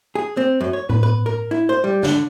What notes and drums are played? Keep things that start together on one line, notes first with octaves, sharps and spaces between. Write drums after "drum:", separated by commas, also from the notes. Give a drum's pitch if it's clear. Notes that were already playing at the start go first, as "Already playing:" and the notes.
G#4
C4
F#2
C#5
B4, drum: tom A2
B4
A#4
E4
C5
G3
D3, drum: snare